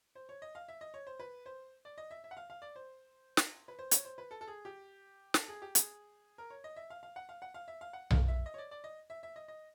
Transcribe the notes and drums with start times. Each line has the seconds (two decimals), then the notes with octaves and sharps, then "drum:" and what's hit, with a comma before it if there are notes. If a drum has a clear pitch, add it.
0.15 C5
0.29 C#5
0.42 D#5
0.55 F5
0.68 E5
0.81 D#5
0.94 C#5
1.07 C5
1.20 B4
1.46 C5
1.85 D5
1.98 D#5
2.11 E5
2.24 E5
2.31 F#5
2.37 F5
2.50 F5
2.62 D5
2.76 C5
3.37 drum: snare
3.68 B4
3.79 C5
3.91 C#5, drum: hi-hat
4.05 C5
4.18 B4
4.31 A4
4.41 A4
4.48 G#4
4.65 G4
5.34 A4, drum: snare
5.48 G#4
5.62 G4
5.75 G#4, drum: hi-hat
6.38 A#4
6.50 C#5
6.64 D#5
6.76 E5
6.90 F5
7.03 F5
7.16 F#5
7.29 F5
7.42 F#5
7.54 F5
7.68 E5
7.81 F5
7.93 F#5
8.11 F5, drum: tom B1
8.28 E5
8.46 D#5
8.54 C#5
8.58 D5
8.71 D5
8.84 D#5
9.10 E5
9.23 E5
9.36 D#5
9.48 D#5